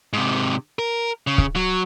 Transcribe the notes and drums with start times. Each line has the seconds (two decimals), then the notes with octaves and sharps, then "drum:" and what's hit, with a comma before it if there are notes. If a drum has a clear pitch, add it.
0.13 G#2 C3
0.79 A#4
1.27 C#3
1.38 drum: kick
1.56 F#3